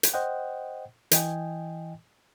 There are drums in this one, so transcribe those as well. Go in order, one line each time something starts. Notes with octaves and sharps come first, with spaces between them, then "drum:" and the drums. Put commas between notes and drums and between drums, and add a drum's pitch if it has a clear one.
drum: hi-hat
C5 D#5 F#5 G5
E3 D#5 G5 G#5, drum: hi-hat